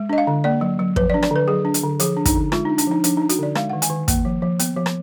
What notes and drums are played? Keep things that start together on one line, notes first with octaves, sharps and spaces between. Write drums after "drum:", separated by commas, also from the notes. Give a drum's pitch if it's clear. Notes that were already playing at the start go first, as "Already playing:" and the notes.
Already playing: G#3
D4 D#5
F5
D3
A#3 D5
F#3
F#3
F3 B4, drum: kick
D5
D4
D5, drum: rim click
D3 B4
F#3 G#4
D4
drum: hi-hat
D3
F3 G#4, drum: hi-hat
D4
D#4, drum: kick, hi-hat
D3
G#3 F4, drum: rim click
D4 D#4
D4, drum: hi-hat
F3 D#4
F3 D4, drum: hi-hat
D4 D#4
F#4, drum: hi-hat
D3 D5
G#3 F5, drum: rim click
D#3 F#5
G#5, drum: hi-hat
D#3
A#3, drum: kick, hi-hat
F3
F3
B3, drum: hi-hat
F3
drum: rim click